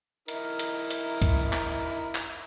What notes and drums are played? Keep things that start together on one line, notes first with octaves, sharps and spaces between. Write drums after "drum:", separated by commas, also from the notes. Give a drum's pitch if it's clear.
D#4 E4 A#4, drum: hi-hat
drum: hi-hat
drum: hi-hat
drum: kick C2, hi-hat
drum: clap
drum: clap